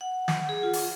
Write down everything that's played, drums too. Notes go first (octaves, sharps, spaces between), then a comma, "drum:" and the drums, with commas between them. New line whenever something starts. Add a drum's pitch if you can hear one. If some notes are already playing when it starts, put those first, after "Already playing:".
F#5
F#5, drum: snare
G#4
F4
drum: open hi-hat